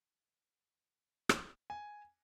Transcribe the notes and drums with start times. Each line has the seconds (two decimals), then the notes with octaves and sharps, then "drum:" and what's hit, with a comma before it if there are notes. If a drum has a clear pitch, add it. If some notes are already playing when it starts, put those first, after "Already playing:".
1.29 drum: rim click
1.70 G#5